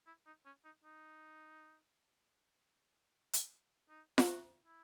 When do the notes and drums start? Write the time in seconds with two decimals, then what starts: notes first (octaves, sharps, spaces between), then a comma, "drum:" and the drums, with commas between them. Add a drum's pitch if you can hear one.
0.07 E4
0.26 D#4
0.46 C#4
0.65 D#4
0.84 D#4
3.33 drum: hi-hat
3.90 D#4
4.18 E4, drum: snare F4
4.28 F#4
4.66 E4